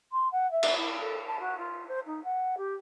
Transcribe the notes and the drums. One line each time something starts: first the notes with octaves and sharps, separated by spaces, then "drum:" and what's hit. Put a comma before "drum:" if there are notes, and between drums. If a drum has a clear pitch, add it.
C6
F#5
E5
drum: cymbal
E4
A4
A5
F#4
F4
C5
D#4
F#5
G4